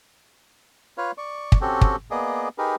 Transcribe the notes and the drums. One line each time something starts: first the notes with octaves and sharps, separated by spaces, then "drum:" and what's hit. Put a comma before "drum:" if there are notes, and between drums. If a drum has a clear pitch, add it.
F4 B4 C#5 F5
D5 C#6
drum: kick
C4 C#4 F#4 G4 A4
drum: kick
A#3 B3 G#4 D5 D#5
D#4 G4 G#4 A#4 B4